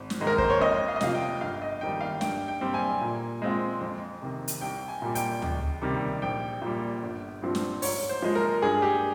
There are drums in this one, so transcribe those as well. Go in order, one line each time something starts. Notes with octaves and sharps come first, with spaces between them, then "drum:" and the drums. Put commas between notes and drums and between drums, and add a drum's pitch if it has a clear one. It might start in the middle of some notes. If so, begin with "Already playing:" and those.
Already playing: G#1
drum: snare
G#2 D#3 G#3
A#4
C5, drum: kick
C#5
F2 D#5
F5
D#5
C3 F3 F5, drum: snare
G5
G1 F5
D#5
F2 D#3 G3 G5
F5
G2 G5, drum: snare
G5
G3 C4
G#5
A#2
G#3 C4 F4
F2
C3 D#3
drum: hi-hat
C2 G5
G#5
A#2 G3
G5, drum: hi-hat
C#2, drum: tom D2
C3 D#3 G3
A#1 G5
A#2 G3
G1
G2 F3 C4
drum: snare
G#2 C#5, drum: open hi-hat
C5
F3 G#3
A#4
G2 G#4
G4